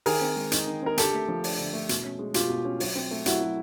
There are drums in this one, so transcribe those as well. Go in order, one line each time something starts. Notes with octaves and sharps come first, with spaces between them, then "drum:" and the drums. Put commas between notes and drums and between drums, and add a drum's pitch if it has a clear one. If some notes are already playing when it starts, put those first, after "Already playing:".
D#3 G#4 A#4, drum: open hi-hat
C4
G#3
D#4, drum: hi-hat
D#3
C4 A#4
D3 G4 A4, drum: hi-hat
A3
F3
D4, drum: open hi-hat
D3
A3
B2, drum: hi-hat
C#4
G#3
B2 F4 G4, drum: hi-hat
B2
C#4
F#3, drum: open hi-hat
C4
A3
F#3 E4 F#4, drum: hi-hat
F#3